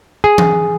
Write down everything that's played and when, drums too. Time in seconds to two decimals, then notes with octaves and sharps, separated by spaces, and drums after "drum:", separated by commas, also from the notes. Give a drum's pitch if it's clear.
0.24 G#4
0.38 drum: tom E3